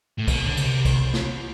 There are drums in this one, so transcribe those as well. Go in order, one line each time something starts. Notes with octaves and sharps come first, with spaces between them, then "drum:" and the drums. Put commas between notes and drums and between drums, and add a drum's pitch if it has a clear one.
A2
B2, drum: kick, cymbal
D3
C3, drum: cymbal
drum: kick, cymbal
drum: snare